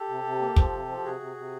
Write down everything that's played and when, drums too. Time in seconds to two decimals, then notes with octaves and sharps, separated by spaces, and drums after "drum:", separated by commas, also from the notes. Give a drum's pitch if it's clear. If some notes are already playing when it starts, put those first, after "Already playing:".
Already playing: G4 A4
0.08 C3
0.23 C3
0.40 A#3
0.56 F3, drum: kick
0.72 C3
0.88 F3
1.04 C3 F#4 G#4
1.20 C3
1.36 C3